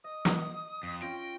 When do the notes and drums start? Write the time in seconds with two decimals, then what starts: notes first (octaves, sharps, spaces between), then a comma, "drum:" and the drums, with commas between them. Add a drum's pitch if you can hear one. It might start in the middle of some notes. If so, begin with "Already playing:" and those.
0.04 D#5 D#6
0.25 drum: snare
0.83 F2
1.02 C#4 F4 G5 A#6